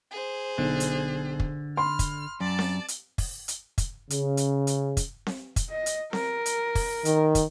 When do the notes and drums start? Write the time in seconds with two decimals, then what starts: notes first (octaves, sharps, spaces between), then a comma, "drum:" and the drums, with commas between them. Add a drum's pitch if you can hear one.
0.11 G#4 C5
0.58 B1 D3
0.80 drum: hi-hat
1.40 drum: kick
1.77 B5 C6 F6
1.99 drum: kick, hi-hat
2.40 F#2 D5 A5
2.59 drum: snare C4
2.88 drum: hi-hat
3.18 drum: kick, open hi-hat
3.48 drum: hi-hat
3.78 drum: kick, hi-hat
4.10 C#3, drum: hi-hat
4.37 drum: hi-hat
4.67 drum: hi-hat
4.97 drum: kick, hi-hat
5.27 drum: snare C4
5.56 drum: kick, hi-hat
5.70 D#5
5.86 drum: hi-hat
6.13 A#4, drum: snare C4
6.46 drum: hi-hat
6.75 drum: kick, open hi-hat
7.05 D#3, drum: hi-hat
7.35 drum: kick, hi-hat